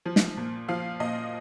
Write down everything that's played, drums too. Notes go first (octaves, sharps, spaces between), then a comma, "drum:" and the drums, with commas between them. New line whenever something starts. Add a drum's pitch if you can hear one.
F3
drum: snare
A#2
F3 F5
A#2 D#5